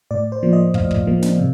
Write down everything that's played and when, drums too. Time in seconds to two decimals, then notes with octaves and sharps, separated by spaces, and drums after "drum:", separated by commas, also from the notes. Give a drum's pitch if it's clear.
0.11 A2 D5
0.32 C5
0.43 F3 A#3
0.53 D#5
0.74 A2 F5, drum: kick
0.91 drum: kick
1.07 F3 A#3
1.23 drum: snare
1.39 C3